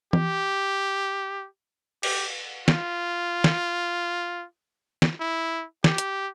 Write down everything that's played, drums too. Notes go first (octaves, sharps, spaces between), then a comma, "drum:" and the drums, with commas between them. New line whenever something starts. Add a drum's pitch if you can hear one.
G4, drum: tom E3
G4, drum: cymbal
F4, drum: snare
drum: snare
drum: snare
E4
G4, drum: snare
drum: hi-hat